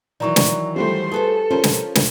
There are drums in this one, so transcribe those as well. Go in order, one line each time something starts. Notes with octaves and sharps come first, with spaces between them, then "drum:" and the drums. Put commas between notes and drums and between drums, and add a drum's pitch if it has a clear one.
D#3 E3 F#3 D5 A#5 C#6
drum: snare
F3 G3 A3 G4 C5 C6
G#4 A4 B4 C5
F3 C#4 A#4 C5
drum: snare
drum: snare